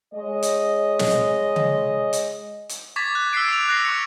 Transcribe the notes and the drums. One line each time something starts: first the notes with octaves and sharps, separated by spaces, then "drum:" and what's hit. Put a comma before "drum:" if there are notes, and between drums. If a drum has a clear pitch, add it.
G#3 C#5 D#5
drum: hi-hat
drum: snare
drum: tom C#3
drum: hi-hat
drum: hi-hat
C#6 D6 G#6 A6 B6
F#6
E6 G#6 B6 C7 D7
D6 F7
F#6 A#6 C7
C#6 E6 C#7